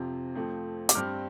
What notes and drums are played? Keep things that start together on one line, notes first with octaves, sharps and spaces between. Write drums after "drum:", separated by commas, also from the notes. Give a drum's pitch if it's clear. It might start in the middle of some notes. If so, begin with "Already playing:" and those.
Already playing: F2 C3 F3 C4
F2 F3 A3 C4
D6, drum: hi-hat
G2 G3 C4 F6